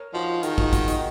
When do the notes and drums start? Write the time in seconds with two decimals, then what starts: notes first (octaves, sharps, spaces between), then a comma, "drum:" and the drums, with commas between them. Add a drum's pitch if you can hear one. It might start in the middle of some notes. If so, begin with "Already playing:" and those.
Already playing: A#4 C#5
0.14 F3 D#4 F#4
0.43 D#3 F4 G#4, drum: hi-hat
0.58 D#4 F#4, drum: kick
0.73 D#4 F#4, drum: kick, hi-hat
0.88 D#4 F#4, drum: hi-hat